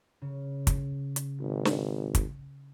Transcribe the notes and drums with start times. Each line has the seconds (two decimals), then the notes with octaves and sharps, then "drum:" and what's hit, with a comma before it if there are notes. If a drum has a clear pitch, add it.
0.22 C#3
0.67 drum: kick, hi-hat
1.16 drum: hi-hat
1.41 G#1
1.65 drum: snare
2.15 drum: kick, hi-hat